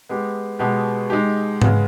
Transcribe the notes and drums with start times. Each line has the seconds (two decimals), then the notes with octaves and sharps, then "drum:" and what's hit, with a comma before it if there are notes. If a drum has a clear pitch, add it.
0.09 G#3 B3 G4
0.59 B2 G#3 B3 G4
1.10 G#3 D#4 G4
1.62 C#3 G#3 B3, drum: tom G#2